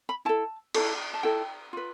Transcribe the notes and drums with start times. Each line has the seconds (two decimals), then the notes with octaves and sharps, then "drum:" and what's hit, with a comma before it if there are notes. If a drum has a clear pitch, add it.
0.09 B5
0.25 E4 A4 A5
0.75 E4 A4, drum: cymbal
1.14 A5
1.23 E4 A4 G5
1.73 F4 B4